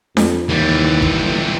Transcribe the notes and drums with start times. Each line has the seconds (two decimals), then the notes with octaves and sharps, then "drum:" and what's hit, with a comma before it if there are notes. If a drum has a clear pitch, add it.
0.17 F2, drum: snare D4
0.49 D#2 E3 G3
1.02 drum: kick
1.24 G1